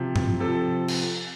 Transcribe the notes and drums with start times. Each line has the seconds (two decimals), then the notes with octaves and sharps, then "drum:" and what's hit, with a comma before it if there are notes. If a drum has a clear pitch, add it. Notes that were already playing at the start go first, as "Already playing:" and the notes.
Already playing: C3 F3
0.16 drum: tom G2
0.40 C3 F3 A4
0.88 drum: cymbal